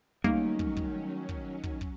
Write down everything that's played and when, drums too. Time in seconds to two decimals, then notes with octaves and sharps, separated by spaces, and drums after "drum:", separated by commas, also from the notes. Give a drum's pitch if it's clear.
0.24 D#3 F#3 G3 A3 A#3 C#4, drum: kick
0.59 drum: kick
0.77 drum: kick
1.29 drum: kick
1.63 drum: kick
1.81 drum: kick